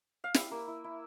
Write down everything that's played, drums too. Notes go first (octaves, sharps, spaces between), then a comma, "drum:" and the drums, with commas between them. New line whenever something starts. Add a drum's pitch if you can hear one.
F5
E4 E5, drum: snare
A#3
E4
E4